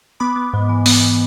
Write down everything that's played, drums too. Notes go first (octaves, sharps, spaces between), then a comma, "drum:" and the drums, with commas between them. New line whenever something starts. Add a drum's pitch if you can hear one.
B3 B5 D6
B3
G#2
E3
B3, drum: open hi-hat